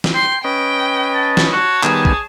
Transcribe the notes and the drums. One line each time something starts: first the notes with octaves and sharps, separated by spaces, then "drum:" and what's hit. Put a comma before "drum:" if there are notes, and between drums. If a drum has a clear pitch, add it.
drum: snare
G5 C6 C7
C#4 B4 D#5 G5
A5
drum: snare
F#4 C#5 A5
D#3 G3 B3 G#4, drum: clap
drum: kick